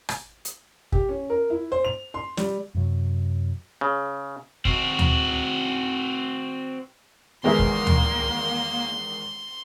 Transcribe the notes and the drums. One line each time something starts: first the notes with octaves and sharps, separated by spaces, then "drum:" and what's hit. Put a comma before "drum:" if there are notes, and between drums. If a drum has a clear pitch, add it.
drum: rim click
drum: hi-hat
G4, drum: kick
C#4
A#4
E4
C5
F7
C6
G3, drum: snare
F#2 C3 F#3
C#3
C4 F#4, drum: kick
drum: tom D2
E2 D#3 G#3 A#3 B3 G#4 E5 C6
drum: kick
drum: tom D2